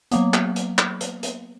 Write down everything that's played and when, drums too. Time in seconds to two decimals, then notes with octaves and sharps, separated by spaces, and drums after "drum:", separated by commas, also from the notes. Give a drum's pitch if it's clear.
0.11 F#3 A#3 B3, drum: hi-hat
0.34 drum: clap
0.56 drum: hi-hat
0.78 drum: clap
1.01 drum: hi-hat
1.23 drum: hi-hat